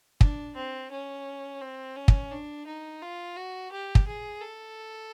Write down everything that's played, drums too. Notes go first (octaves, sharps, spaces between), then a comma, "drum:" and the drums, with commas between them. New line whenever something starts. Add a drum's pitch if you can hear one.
D4, drum: kick
C4
C#4
C4
C#4
drum: kick
D4
D#4
F4
F#4
G4
drum: kick
G#4
A4